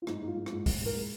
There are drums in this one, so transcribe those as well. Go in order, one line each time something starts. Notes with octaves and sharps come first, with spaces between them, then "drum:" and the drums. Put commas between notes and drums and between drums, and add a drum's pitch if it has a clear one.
F4
G#2 D#4, drum: rim click
G#2 D#4
F4
G#2
F4, drum: rim click
G#2
G#2, drum: kick, open hi-hat
G#2 A#4
G#3